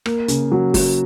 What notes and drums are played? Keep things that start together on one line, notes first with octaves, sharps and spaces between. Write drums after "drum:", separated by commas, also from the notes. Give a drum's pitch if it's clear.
A#3, drum: rim click
C#3, drum: hi-hat
F#3
F#3, drum: kick G1, open hi-hat